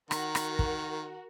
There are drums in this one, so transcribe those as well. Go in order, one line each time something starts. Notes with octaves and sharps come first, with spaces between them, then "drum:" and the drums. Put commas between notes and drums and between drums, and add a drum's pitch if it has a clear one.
D#3 F#4 A#4, drum: rim click
drum: rim click
drum: kick